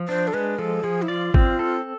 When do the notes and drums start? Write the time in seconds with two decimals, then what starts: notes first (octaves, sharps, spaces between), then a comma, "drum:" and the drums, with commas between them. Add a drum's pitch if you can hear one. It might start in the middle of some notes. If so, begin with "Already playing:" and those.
Already playing: F3
0.08 D4 C5
0.27 A4
0.34 G#3 B4
0.59 F3 A4
0.84 F3 G#4
1.02 E4
1.08 F4 D5
1.34 C4, drum: kick G#1
1.59 A4